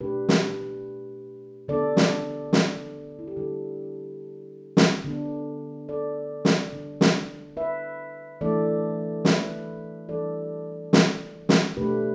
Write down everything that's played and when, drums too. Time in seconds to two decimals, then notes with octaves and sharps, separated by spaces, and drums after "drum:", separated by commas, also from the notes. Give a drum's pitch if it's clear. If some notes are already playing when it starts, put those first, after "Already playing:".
0.01 B2 A3 D4 G4 B4
0.29 drum: snare
1.68 D3 B3 D4 A4 D5
1.97 drum: snare
2.53 drum: snare
3.19 E4
3.28 G4
3.36 D3 G3 D4 E4 A4
4.77 drum: snare
5.04 D3 B3 D4
5.89 A4 D5
6.45 drum: snare
6.73 D3 G3 D4
7.01 drum: snare
7.57 B4 E5
8.41 E3 A3 D4 A4 D5
9.25 B4 E5, drum: snare
10.09 E3 G3 D4 A4 D5
10.93 drum: snare
11.49 drum: snare
11.77 B2 A3 D4 G4 B4